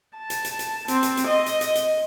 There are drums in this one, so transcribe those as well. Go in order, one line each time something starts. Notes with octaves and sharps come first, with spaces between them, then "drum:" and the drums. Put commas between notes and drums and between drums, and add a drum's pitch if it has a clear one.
A5
drum: hi-hat
drum: hi-hat
drum: hi-hat
C4, drum: hi-hat
drum: hi-hat
drum: hi-hat
D#5
drum: hi-hat
drum: hi-hat
drum: hi-hat